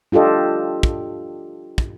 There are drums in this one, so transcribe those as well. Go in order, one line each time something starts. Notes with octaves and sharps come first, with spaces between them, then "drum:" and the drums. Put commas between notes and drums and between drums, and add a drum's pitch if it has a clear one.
D4 F4 G4 A4 D#5
drum: kick
drum: kick